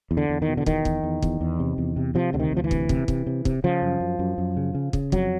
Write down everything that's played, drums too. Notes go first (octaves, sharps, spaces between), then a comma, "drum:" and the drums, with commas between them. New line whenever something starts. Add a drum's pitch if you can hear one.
E2
D3
E2
D#3
B2
D3
E2 D#3, drum: kick
E2, drum: kick
E2
E2, drum: kick
E2
C3
E2
C3
C3 F3
D2 D3
D#3
D2
F3
E3
C3, drum: kick
C3, drum: kick
C3, drum: kick
C3
C3, drum: kick
C#3 F3
F#2
F#2
F#2
F#2
C#3
C#3
C#3, drum: kick
F2 F#3, drum: kick